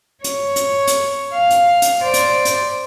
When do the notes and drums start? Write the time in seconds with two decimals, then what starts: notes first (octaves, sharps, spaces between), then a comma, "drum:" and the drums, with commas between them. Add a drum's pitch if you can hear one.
0.24 C#5, drum: hi-hat
0.56 drum: hi-hat
0.87 drum: hi-hat
1.34 F5
1.51 drum: hi-hat
1.82 drum: hi-hat
2.03 C5 D5
2.14 drum: hi-hat
2.45 drum: hi-hat